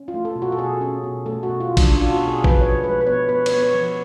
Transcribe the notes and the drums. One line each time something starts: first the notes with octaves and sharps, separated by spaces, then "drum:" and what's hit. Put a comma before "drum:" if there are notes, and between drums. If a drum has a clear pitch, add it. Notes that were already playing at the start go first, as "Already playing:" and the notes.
Already playing: C#4
F4
A3
A4
B2
F#4
A4
B2 G#4
C#4
B2
A3 A4
F#4
B2
F4
A3
D4, drum: kick, cymbal
C#4 D4
F4
F#4
B2
G#4
B2
B4, drum: kick
F3 C#5
G#3 B4
B4
B3 C#5
B3 B4
C#5, drum: cymbal
B3
C#5
F3